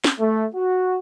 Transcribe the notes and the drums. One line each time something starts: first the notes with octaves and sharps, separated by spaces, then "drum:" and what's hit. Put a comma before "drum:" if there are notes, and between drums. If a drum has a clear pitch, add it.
drum: snare
A3
F#4